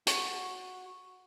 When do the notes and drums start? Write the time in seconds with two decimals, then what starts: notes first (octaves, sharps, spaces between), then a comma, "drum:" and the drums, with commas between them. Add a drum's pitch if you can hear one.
0.07 F#4, drum: hi-hat